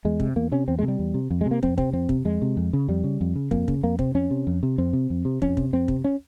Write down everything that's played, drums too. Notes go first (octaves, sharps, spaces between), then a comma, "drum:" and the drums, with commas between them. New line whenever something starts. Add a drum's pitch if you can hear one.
E2 G#3
C3, drum: kick
E2 A#3
C3 C#4
E2 C4
G#3
C3
G3
E2
C3
F2
G#3
C3
A#3
F2 C4, drum: kick
C3 C4, drum: kick
F2 C4
C3, drum: kick
F2 G#3
C3
F2
C#3
F2 G3
C#3
F2
C#3
F2 A#3, drum: kick
C#3, drum: kick
F2 A#3
C3 C4, drum: kick
F2 C#4
C3
F2
C3
F2 C4
C3
F2
C3
F2 C#4, drum: kick
C3, drum: kick
F2 C4
C3, drum: kick
C#4